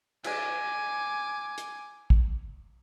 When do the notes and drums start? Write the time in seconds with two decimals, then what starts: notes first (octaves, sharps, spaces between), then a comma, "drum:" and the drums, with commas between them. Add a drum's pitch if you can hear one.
0.24 G#5 D6, drum: cymbal
1.58 drum: hi-hat
2.10 drum: kick